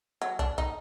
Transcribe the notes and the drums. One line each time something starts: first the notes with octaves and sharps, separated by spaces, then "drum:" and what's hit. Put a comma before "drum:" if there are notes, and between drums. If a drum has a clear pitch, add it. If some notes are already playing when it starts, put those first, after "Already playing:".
F#3, drum: hi-hat
D4, drum: kick, hi-hat
D#4, drum: kick, hi-hat